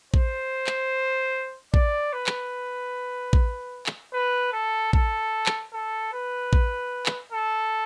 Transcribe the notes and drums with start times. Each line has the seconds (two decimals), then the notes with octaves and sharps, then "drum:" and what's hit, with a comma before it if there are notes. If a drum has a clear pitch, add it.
0.14 C5, drum: kick
0.67 drum: clap
1.74 D5, drum: kick
2.13 B4
2.27 drum: clap
3.33 drum: kick
3.86 drum: clap
4.13 B4
4.53 A4
4.93 A4, drum: kick
5.46 drum: clap
5.73 A4
6.13 B4
6.53 drum: kick
7.06 drum: clap
7.32 A4